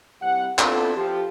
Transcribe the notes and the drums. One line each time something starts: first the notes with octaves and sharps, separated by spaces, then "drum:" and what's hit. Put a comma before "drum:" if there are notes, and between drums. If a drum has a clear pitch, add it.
C2 F#5
B3 C4 D4 E4 F4 A4, drum: clap
F3 G4